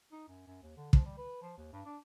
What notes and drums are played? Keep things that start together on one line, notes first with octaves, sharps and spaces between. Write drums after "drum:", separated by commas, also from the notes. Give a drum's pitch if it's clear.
D#4
F#2
F#2
D#2
D3
F3, drum: kick
G3
B4
F3
D#2
G2
D4